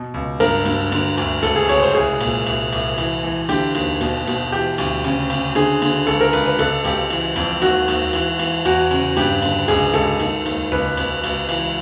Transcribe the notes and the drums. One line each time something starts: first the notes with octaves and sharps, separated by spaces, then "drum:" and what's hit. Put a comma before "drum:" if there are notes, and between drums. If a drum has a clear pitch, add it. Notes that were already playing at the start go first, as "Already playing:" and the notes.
Already playing: B2
C#2
G2 A#4, drum: cymbal
G2, drum: cymbal
D3, drum: cymbal
D2, drum: cymbal
C#2 A4, drum: cymbal
G#4
C#2 C#5, drum: cymbal
C5
C2 G#4
A#2, drum: cymbal
C2, drum: cymbal
C2, drum: cymbal
E3, drum: cymbal
E3
D3 G4, drum: cymbal
D#2, drum: cymbal
B2, drum: cymbal
B2, drum: cymbal
E3 G4
D2, drum: cymbal
C#3, drum: cymbal
C#3, drum: cymbal
D3 G#4, drum: cymbal
D3, drum: cymbal
C#2 A4, drum: cymbal
A#4
C#2 B4, drum: cymbal
B4
C#2 A4, drum: cymbal
C#2 G4, drum: cymbal
E3, drum: cymbal
F2, drum: cymbal
D#2 F#4, drum: cymbal
D#2, drum: cymbal
E3, drum: cymbal
E3, drum: cymbal
E2 F#4, drum: cymbal
C#3, drum: cymbal
G2 G4, drum: cymbal
D3, drum: cymbal
C#2 G#4, drum: cymbal
C#2 A4, drum: cymbal
D#3, drum: cymbal
D#2, drum: cymbal
C#2 B4
C#2, drum: cymbal
C#2, drum: cymbal
E3, drum: cymbal